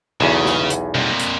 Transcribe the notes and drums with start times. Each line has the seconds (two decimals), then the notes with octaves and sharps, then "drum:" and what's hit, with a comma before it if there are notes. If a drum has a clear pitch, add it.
0.21 B1 E2 C#3
0.46 drum: snare
0.70 drum: hi-hat
0.95 F2 A#2, drum: tom B2
1.19 drum: hi-hat